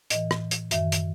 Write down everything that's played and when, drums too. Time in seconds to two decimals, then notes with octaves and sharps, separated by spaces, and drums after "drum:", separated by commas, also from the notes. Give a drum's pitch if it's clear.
0.10 A2 E3 D#5, drum: hi-hat
0.31 drum: rim click
0.51 drum: hi-hat
0.71 F#2 D#3 E5, drum: hi-hat
0.92 drum: hi-hat